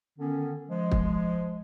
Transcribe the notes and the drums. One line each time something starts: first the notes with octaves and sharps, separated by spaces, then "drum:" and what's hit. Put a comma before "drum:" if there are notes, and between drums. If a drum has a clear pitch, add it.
D3 D#3 B3 C#4
F3 G#3
drum: kick